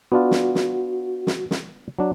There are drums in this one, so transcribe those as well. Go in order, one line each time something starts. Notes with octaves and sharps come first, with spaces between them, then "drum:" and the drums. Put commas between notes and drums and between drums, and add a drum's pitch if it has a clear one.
B3 D4 F4 F#4
drum: snare
drum: snare
drum: snare
drum: snare
F#3 D4